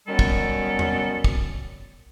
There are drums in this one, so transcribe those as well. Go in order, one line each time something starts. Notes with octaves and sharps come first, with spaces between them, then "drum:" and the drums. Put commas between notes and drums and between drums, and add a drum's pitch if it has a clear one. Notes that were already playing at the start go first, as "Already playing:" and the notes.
D#3 F#3 G3 B3 C#4 A4
drum: kick
drum: tom E2
drum: kick